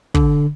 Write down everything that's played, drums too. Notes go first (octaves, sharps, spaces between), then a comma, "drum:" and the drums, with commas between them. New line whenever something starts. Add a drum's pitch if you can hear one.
D3, drum: kick